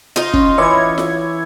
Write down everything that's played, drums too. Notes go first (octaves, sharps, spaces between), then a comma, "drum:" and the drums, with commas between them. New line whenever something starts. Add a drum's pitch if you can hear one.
D#4 F4, drum: snare F4
C#4, drum: kick
E3 E4 C#5 D6 G#6
drum: snare F4